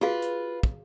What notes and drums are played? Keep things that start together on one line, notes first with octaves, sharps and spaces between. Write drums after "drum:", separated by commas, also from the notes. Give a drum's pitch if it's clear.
F4 F#4 G#4 B4 F5
drum: hi-hat
drum: kick